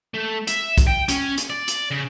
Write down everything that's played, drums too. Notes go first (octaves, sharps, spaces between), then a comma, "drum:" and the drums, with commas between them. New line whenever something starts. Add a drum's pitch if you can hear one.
A3
E5, drum: hi-hat
drum: kick, hi-hat
G5
C#4, drum: hi-hat
drum: hi-hat
D5
drum: hi-hat
C#3